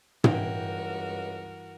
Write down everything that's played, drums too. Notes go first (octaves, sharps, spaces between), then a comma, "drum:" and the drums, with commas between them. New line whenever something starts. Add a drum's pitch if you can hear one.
C#2 G2 E3 F#4 A#4 G5, drum: tom